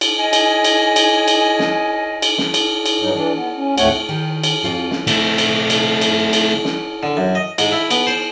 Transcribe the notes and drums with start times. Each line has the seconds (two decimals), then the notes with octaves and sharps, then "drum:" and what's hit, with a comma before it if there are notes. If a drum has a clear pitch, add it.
0.01 drum: cymbal
0.17 D#5 G#5
0.33 drum: cymbal
0.64 drum: cymbal
0.96 drum: cymbal
1.28 drum: cymbal
1.59 drum: snare
2.22 drum: cymbal
2.38 drum: snare
2.54 drum: cymbal
2.86 drum: cymbal
3.01 G2 F#3 D#4
3.14 E3 D4
3.35 B3
3.56 C#4
3.78 D2 G#2 A3 C4 C#5 F#5, drum: cymbal
4.09 D#3 G4 G#4
4.44 drum: cymbal
4.63 F2 A#2 F4 F#4
4.91 drum: snare
5.07 A3 C4, drum: cymbal
5.38 drum: cymbal
5.70 drum: cymbal
6.01 drum: cymbal
6.33 drum: cymbal
6.65 drum: snare
7.03 D3
7.17 F#2
7.35 D#5
7.58 G#2, drum: cymbal
7.72 E4
7.91 B3, drum: cymbal
8.07 C5